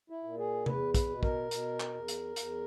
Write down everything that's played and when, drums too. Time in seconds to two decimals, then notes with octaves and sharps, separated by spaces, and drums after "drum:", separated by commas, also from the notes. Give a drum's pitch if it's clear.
0.10 E4
0.24 A#2
0.38 G#4
0.66 E2 B4, drum: tom C3
0.94 B4, drum: kick, hi-hat
1.09 B2
1.23 A#4, drum: kick
1.51 B2, drum: hi-hat
1.80 drum: clap
1.94 E2
2.08 drum: hi-hat
2.36 E2, drum: hi-hat